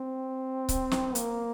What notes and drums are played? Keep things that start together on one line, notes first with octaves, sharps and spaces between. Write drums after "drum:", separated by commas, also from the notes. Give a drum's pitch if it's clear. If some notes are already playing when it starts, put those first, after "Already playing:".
Already playing: C4
drum: kick C#1, hi-hat
drum: snare
A#3, drum: hi-hat